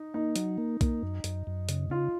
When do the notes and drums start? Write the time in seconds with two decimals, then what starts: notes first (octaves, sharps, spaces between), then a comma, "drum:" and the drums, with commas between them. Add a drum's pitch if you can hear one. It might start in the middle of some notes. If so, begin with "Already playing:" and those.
Already playing: D#4
0.14 A#3 D#4
0.36 F#3, drum: hi-hat
0.58 A#3
0.81 A#3, drum: kick B1, hi-hat
1.03 F#2
1.24 F#2, drum: hi-hat
1.47 F#2
1.69 C#3, drum: hi-hat
1.90 C#3 F4